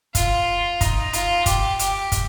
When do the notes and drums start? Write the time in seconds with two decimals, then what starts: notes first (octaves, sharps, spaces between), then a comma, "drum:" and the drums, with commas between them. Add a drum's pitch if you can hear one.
0.15 F4, drum: kick, hi-hat
0.81 D#4, drum: kick, hi-hat
1.13 F4, drum: hi-hat
1.46 G4, drum: kick, hi-hat
1.79 G4, drum: hi-hat
2.12 drum: kick, hi-hat